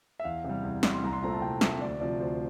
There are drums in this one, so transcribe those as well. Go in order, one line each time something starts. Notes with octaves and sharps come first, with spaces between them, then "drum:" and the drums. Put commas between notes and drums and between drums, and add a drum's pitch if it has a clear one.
E5
E2 F5
C3 G3
E2
C3 G3, drum: snare
C6
C2 A#5
C6
A#2 A3 C4 A#5
A5
C2 G5
A#2 A3 C4 E5, drum: snare
D2 D5
C3 F3 D5
D2 C5